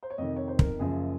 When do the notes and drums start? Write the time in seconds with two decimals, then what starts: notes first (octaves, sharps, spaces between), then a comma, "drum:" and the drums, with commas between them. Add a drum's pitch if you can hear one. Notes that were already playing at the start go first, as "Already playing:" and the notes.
0.03 C5
0.10 C#5
0.18 F2 C3 D#3 D#5
0.36 C#5
0.48 C5
0.59 A#4, drum: kick
0.79 F#1 F#2 C#3 F3 G#4